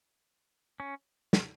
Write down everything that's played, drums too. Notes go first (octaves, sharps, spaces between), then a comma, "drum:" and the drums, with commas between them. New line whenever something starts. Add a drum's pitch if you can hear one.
C#4
drum: snare